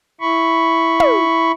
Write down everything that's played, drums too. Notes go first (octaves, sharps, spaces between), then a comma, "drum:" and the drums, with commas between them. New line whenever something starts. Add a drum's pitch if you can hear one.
E4 B5 C#6
drum: tom